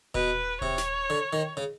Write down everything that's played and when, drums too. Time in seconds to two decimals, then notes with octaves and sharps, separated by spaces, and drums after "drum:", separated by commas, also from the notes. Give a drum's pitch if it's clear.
0.15 B2 B4, drum: kick D#1
0.61 C3 C#5, drum: kick D#1
0.78 drum: snare
1.10 D3
1.33 D#3
1.57 C#3